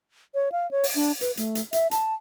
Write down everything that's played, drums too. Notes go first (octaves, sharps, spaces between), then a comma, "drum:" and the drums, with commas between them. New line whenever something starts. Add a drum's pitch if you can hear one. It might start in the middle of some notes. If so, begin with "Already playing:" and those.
C#5
F5
C#5
drum: open hi-hat
D4
B4, drum: hi-hat
A3, drum: hi-hat
drum: hi-hat
E5, drum: hi-hat
A5, drum: hi-hat